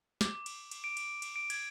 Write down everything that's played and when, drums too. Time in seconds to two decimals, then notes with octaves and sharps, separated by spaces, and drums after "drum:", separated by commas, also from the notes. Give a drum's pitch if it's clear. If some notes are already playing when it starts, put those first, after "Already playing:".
0.21 D6, drum: snare
0.46 drum: cymbal
0.71 drum: cymbal
0.84 D7
0.97 drum: cymbal
1.22 drum: cymbal
1.36 D7
1.50 G#6, drum: cymbal